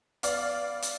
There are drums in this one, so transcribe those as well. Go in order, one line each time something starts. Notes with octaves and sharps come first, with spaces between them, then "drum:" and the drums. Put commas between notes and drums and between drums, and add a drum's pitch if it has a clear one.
B3 D5 F5, drum: hi-hat
drum: hi-hat